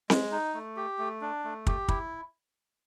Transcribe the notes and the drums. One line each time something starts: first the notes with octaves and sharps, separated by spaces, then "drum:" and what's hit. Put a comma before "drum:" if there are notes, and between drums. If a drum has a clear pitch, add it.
G#3, drum: snare C4
D#4
A3
G4
A3
D4
A3
G4, drum: kick
E4, drum: kick